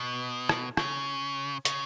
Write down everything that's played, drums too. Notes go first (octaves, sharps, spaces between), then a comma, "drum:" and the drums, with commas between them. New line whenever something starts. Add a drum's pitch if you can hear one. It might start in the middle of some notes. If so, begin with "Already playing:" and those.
Already playing: B2
drum: rim click
C#3, drum: rim click
C#3, drum: hi-hat